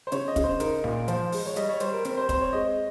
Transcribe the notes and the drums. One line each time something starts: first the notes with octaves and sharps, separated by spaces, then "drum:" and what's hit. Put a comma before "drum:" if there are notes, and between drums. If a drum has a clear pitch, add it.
C5
C#3 C#5, drum: hi-hat
D#5
C#3, drum: kick, hi-hat
C5
D#4 A#4, drum: hi-hat
A#2, drum: snare
F3 C5, drum: hi-hat
G#3, drum: open hi-hat
C#5
G3 D#5, drum: hi-hat
C#5
G3 C5, drum: hi-hat
A#4
C4 A#4, drum: hi-hat
C5
C4 C5, drum: kick, hi-hat
C#5
G#3 D#5